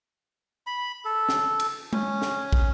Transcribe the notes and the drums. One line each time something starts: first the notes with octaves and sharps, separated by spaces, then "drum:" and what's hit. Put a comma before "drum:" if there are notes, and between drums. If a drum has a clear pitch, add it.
B5
A4
drum: snare
drum: cymbal
C#4, drum: tom G#3
drum: snare
drum: kick